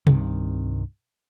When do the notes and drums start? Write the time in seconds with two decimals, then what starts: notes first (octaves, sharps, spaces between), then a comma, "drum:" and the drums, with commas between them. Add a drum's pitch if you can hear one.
0.07 C2 G2 C3 D#3, drum: tom C3